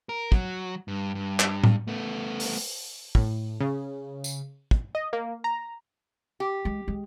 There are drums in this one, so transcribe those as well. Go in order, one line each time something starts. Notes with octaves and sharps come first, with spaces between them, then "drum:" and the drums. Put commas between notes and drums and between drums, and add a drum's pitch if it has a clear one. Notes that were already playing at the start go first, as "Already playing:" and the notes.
A#4
F#3, drum: kick
G2
G2
drum: clap
drum: tom A2
A3 B3
drum: open hi-hat
A2, drum: kick
C#3
drum: tambourine
drum: kick
D#5
A#3
A#5
G4
G#3
G#3